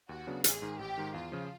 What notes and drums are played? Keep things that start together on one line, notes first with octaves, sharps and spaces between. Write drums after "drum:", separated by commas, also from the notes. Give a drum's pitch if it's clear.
D#2 F#4
C#3 F#3 B3 D4
A1 G#4, drum: hi-hat
G#2 D#3
A1 G4
G#2 D#3
E2 F4
C#3 F3